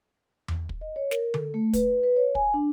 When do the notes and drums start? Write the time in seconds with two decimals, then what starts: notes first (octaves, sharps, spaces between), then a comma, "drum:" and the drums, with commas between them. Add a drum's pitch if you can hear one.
0.48 drum: tom E2
0.69 drum: kick
0.81 D#5
0.96 C#5
1.11 A#4, drum: snare
1.34 A4, drum: tom D3
1.54 A3
1.73 B4, drum: kick, hi-hat
2.03 B4
2.16 C#5
2.35 G#5, drum: kick
2.54 D4